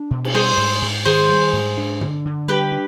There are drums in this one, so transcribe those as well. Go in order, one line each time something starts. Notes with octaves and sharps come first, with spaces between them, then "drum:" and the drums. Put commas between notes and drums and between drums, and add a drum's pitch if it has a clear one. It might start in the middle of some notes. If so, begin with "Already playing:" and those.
Already playing: D4
B2
drum: cymbal
G3 G#4 C5
G#2
G#2
D#3 G#4 C5
G3
G#2
D4
D3, drum: tom
D3
G3 G4 B4
D4